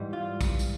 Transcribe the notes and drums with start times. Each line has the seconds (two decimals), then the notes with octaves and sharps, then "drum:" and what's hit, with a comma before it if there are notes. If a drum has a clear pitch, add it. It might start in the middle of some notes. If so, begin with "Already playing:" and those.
Already playing: G#2 E3 G3
0.13 F4
0.41 drum: kick, tambourine
0.59 drum: tambourine